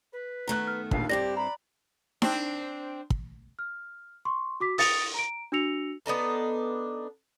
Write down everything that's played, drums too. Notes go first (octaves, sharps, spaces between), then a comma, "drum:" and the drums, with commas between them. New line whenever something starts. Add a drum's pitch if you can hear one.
B4
D#3 A3 B3 A#5 F#6
F6
A#1 D#2 F5, drum: kick
G2 C4 E4 G4 D5 A#6
A#5 B5
C4 D4, drum: snare D#4
drum: kick
F6
C6 C#6
F#4 D6 B6
D#6 A6 C#7 D#7 F7, drum: open hi-hat
A#5 D7
D4 F#4 E6 A#6 C#7 F7
B3 D4 D#4 A4